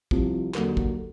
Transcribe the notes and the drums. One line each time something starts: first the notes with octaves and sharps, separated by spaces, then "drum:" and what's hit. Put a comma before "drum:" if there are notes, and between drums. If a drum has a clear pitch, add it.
C2 C3 F3, drum: kick
D#2 D3 F#3 A#4, drum: clap
drum: kick